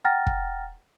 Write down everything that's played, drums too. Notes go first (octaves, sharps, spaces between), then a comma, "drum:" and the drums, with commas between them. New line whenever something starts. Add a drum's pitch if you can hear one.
F#5 G5 A#5 F6 A6 A#6
drum: kick